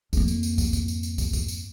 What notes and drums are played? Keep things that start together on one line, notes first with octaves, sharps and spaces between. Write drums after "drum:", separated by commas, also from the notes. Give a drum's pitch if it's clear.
F2 A#3, drum: kick, tambourine
drum: tambourine
drum: tambourine
drum: kick, tambourine
drum: kick, tambourine
drum: tambourine
drum: tambourine
drum: kick, tambourine
drum: kick, tambourine
drum: tambourine